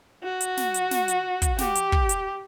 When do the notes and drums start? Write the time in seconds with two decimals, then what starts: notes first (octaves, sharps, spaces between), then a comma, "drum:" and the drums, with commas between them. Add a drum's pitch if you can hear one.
0.24 F#4
0.41 drum: hi-hat
0.57 drum: snare
0.74 drum: hi-hat
0.91 drum: snare
1.08 drum: hi-hat
1.42 drum: kick, hi-hat
1.58 G4, drum: snare
1.75 drum: hi-hat
1.92 drum: kick
2.09 drum: hi-hat